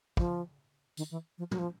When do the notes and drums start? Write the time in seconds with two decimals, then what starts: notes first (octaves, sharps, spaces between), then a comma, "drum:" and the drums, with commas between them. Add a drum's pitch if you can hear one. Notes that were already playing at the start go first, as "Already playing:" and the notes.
0.17 F3, drum: kick
0.97 D#3, drum: tambourine
1.11 E3
1.38 F3
1.51 F#3, drum: tom
1.59 F3